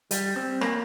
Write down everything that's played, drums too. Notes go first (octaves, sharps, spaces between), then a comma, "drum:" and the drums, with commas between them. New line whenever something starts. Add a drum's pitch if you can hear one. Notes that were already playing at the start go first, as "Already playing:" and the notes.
G3, drum: hi-hat
C4
A#3, drum: rim click